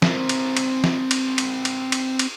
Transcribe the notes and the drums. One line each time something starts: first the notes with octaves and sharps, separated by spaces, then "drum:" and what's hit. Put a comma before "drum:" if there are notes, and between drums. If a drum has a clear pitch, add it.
C4 A#4, drum: snare
drum: cymbal
drum: cymbal
drum: snare
drum: cymbal
drum: cymbal
drum: cymbal
drum: cymbal
drum: cymbal